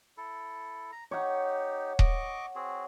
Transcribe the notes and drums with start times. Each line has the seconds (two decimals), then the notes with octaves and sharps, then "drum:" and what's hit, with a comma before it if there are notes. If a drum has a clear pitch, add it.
0.17 E4 A4
0.92 A#5
1.11 D#4 G4 C#5 F#5
1.99 D#5 C#6 D6, drum: kick D#1
2.55 C4 F#4 G#4